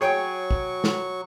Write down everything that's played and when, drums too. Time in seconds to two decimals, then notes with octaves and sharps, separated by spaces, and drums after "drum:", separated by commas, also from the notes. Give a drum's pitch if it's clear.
0.01 F#3 G#4 C#5 G5 C#6
0.51 drum: kick
0.84 drum: snare